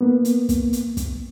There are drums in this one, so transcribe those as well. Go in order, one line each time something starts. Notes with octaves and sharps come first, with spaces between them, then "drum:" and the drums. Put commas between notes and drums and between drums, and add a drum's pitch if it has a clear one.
A#3 B3
drum: hi-hat
drum: kick, hi-hat
drum: hi-hat
drum: kick, hi-hat